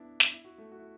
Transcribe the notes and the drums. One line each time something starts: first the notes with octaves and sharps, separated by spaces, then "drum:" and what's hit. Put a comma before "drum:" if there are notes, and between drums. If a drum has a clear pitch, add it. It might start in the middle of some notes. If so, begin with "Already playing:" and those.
Already playing: B3 D4 E4
drum: snare
E4
F#4
A3
F#4
E4